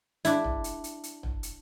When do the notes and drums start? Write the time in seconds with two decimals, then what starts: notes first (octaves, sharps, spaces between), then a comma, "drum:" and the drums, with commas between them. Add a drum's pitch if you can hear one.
0.25 D4 E4, drum: hi-hat
0.44 drum: tom
0.64 drum: hi-hat
0.84 drum: hi-hat
1.03 drum: hi-hat
1.23 drum: tom
1.43 drum: hi-hat